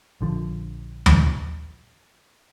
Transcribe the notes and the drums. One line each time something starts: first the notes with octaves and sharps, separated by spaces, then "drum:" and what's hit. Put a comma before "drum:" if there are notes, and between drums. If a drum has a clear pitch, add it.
A#1 D3 F3
drum: tom D#2